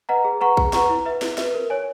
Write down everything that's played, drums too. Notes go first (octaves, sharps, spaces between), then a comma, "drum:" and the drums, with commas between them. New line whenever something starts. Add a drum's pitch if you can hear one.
B4 D#5 F#5 A#5
G#4
B4 F#5 A#5 C#6
G#4, drum: kick A#1
B4 F#5 A#5 C#6, drum: snare
E4
B4 E5
E4, drum: snare
B4 E5, drum: snare
A#4
C#5 G#5